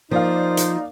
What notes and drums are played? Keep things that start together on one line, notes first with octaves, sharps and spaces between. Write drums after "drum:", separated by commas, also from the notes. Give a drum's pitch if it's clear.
F3 A#3 D#4 C5 D5 F5
drum: hi-hat